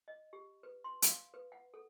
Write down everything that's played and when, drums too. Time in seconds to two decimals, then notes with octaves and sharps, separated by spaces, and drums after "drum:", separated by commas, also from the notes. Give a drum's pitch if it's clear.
0.08 D#5
0.33 G4
0.63 B4
0.84 C6
1.02 F5, drum: hi-hat
1.34 B4
1.52 F#5
1.74 A4